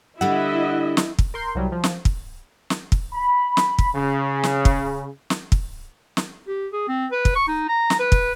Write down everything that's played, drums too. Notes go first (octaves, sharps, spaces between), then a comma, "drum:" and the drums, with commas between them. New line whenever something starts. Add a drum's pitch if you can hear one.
D3 G3 E4 D#5 E5 F#5 E6 F#6
drum: snare
drum: kick
A#4 C6 G6
C2 F#3 G3
F3
drum: snare
drum: kick
drum: snare
drum: kick
B5
drum: snare
drum: kick
C#3
drum: snare
drum: kick
drum: snare
drum: kick
drum: snare
G4
G#4
C4
B4
drum: kick
C#6
D#4
A#5
drum: snare
B4
drum: kick